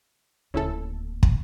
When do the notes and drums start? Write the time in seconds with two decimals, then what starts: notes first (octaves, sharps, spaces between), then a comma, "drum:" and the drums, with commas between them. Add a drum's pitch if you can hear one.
0.54 D1 D#2 C#3 E4 A4
1.23 drum: kick